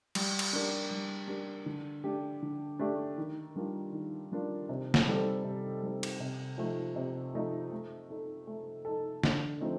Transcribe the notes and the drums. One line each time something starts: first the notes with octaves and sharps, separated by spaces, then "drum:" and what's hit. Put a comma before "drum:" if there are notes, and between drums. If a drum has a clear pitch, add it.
G3, drum: cymbal
drum: cymbal
D4 G4 A#4
G3
D4 G4 A#4
D3
A3 D4 G4
D3
A3 D4 G4
D#3
G3 D4 F4 A#4
D#3
G3 D4 F4 A#4
C3
drum: snare
G3 C4 D#4 A4
C3
G3 C4 D#4 A4
drum: cymbal
C3
F3 A3 D#4
C3
F3 A3 D#4
A3
D#4 A4
A3
D#4 A4
D3, drum: snare
F3 A3 C4 D#4